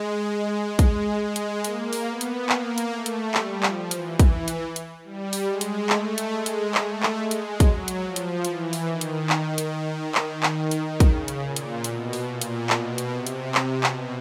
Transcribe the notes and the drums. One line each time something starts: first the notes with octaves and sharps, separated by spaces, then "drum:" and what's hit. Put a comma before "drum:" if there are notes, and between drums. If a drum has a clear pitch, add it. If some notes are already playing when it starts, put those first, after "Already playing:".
Already playing: G#3
G#3, drum: kick, hi-hat
G#3
drum: hi-hat
A#3, drum: hi-hat
drum: open hi-hat
B3
drum: hi-hat
A#3, drum: clap
drum: hi-hat
A3
drum: hi-hat
G3, drum: clap
F3, drum: clap
E3, drum: hi-hat
E3, drum: kick, hi-hat
drum: hi-hat
drum: hi-hat
G3
drum: open hi-hat
G#3
drum: hi-hat
A3, drum: clap
drum: hi-hat
G#3
drum: hi-hat
A3, drum: clap
drum: clap
G#3
drum: hi-hat
F#3, drum: kick, hi-hat
drum: hi-hat
F3
drum: hi-hat
E3, drum: hi-hat
drum: open hi-hat
D#3
drum: hi-hat
drum: clap
drum: hi-hat
drum: clap
drum: clap
drum: hi-hat
C#3, drum: kick, hi-hat
drum: hi-hat
A#2
drum: hi-hat
B2, drum: hi-hat
drum: open hi-hat
A#2
drum: hi-hat
B2, drum: clap
drum: hi-hat
C3
drum: hi-hat
C3, drum: clap
B2, drum: clap